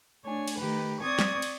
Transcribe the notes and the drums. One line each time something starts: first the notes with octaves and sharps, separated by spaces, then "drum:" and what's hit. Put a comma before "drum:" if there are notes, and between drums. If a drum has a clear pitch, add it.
A3 D4 C#5 G#5
drum: cymbal
D#3 A3 G4 B4
C4 D5 C#6 D#6 G#6
drum: snare
drum: cymbal